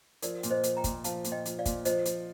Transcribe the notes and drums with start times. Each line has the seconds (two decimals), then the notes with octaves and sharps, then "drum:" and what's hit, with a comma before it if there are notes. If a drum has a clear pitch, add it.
0.22 F3 A#4 D5, drum: hi-hat
0.43 A#2, drum: hi-hat
0.51 C5 D#5
0.64 F3, drum: hi-hat
0.77 G5 A#5
0.84 A#2, drum: kick, hi-hat
1.04 F3 F5 A5, drum: hi-hat
1.25 A#2, drum: hi-hat
1.32 D#5 G5
1.46 F3, drum: hi-hat
1.59 D5 F5
1.66 A#2, drum: kick, hi-hat
1.85 F3 C5 D#5, drum: hi-hat
2.06 F3, drum: hi-hat